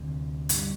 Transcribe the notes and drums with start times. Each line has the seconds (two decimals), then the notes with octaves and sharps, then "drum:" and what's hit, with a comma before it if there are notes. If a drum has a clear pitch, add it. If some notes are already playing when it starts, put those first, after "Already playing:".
Already playing: D2 C3
0.49 G2 G3, drum: hi-hat